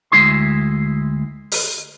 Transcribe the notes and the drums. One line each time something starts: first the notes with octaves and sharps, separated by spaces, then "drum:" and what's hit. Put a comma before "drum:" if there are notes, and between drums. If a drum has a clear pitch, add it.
D2 G#3 E4 C6
drum: open hi-hat